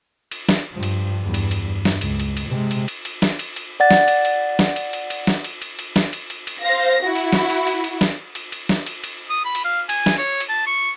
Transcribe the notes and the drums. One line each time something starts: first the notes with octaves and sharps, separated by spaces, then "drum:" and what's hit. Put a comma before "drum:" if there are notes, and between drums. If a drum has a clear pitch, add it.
drum: cymbal
drum: snare
G2 F3
drum: cymbal
E2 G2
drum: cymbal
drum: cymbal
G2
drum: snare
C#2, drum: cymbal
drum: cymbal
drum: cymbal
C3 G#3
drum: cymbal
drum: cymbal
drum: cymbal
drum: snare
drum: cymbal
drum: cymbal
D5 F#5 A6
drum: snare
drum: cymbal
drum: cymbal
drum: snare
drum: cymbal
drum: cymbal
drum: cymbal
drum: snare
drum: cymbal
drum: cymbal
drum: cymbal
drum: snare
drum: cymbal
drum: cymbal
drum: cymbal
C5 F5 A#6
E4 F#4
drum: cymbal
drum: snare
drum: cymbal
drum: cymbal
drum: cymbal
drum: snare
drum: cymbal
drum: cymbal
drum: snare
drum: cymbal
drum: cymbal
D#6
B5
drum: cymbal
F5
G#5, drum: cymbal
drum: snare
C#5
drum: cymbal
A5
C#6